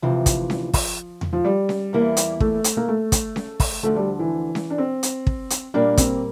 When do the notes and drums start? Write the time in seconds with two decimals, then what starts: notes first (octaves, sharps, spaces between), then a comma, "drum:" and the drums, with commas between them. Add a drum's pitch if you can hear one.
0.02 D2 C3 E3 F3
0.26 drum: kick, hi-hat
0.50 drum: snare C#4
0.74 drum: kick, open hi-hat
1.21 drum: tom E2
1.33 F3
1.44 G3
1.69 drum: snare C#4
1.93 E2 E3 A#3 E4
2.17 drum: hi-hat
2.40 A3, drum: kick
2.64 drum: hi-hat
2.77 A#3
2.88 A3
3.12 drum: kick, hi-hat
3.36 drum: snare C#4
3.60 drum: kick, open hi-hat
3.83 D2 D3 F3 A3
3.96 G3
4.19 E3
4.55 drum: snare C#4
4.70 D4
4.78 C4
5.03 drum: hi-hat
5.27 drum: kick
5.50 drum: hi-hat
5.74 A#2 G3 A#3 D4
5.97 C4, drum: kick, hi-hat